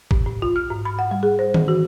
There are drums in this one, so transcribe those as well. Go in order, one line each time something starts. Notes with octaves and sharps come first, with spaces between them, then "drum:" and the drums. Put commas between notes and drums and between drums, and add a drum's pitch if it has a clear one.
A2, drum: kick
A2
F4
F6
G#2
B5
F#5
G3
G#4
C5
E3, drum: tom D#3
F#4